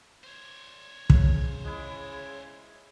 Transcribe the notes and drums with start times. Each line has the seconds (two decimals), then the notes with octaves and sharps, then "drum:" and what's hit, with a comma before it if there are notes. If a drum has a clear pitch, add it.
0.24 C5 C#5
1.10 C#3, drum: kick
1.65 G#3 E4